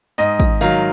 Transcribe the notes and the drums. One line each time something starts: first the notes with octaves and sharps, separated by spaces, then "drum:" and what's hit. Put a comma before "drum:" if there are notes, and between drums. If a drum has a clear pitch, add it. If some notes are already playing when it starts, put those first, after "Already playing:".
G#2 D#5, drum: tambourine
drum: kick, tambourine
D#3 F#3 F5, drum: tambourine